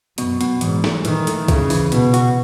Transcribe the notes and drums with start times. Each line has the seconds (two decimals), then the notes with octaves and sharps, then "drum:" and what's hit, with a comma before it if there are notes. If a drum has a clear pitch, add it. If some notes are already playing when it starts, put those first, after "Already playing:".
0.18 F#2 B2, drum: hi-hat
0.41 B2, drum: hi-hat
0.61 E2 G#2, drum: hi-hat
0.84 A3, drum: snare
1.05 D#3 E3, drum: hi-hat
1.27 A3, drum: hi-hat
1.48 C#3 E4, drum: kick C2, hi-hat
1.70 E3, drum: open hi-hat
1.92 B2 B3, drum: hi-hat
2.14 F#4, drum: hi-hat